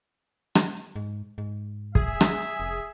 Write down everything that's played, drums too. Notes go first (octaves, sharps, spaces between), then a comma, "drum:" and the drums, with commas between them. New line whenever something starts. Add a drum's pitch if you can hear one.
drum: rim click
G#2
G#2
G#4 E5, drum: kick
drum: rim click
F1